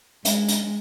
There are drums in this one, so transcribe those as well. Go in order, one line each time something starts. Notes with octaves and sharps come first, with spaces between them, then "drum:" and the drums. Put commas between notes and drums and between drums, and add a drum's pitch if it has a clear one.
G#3, drum: hi-hat
drum: hi-hat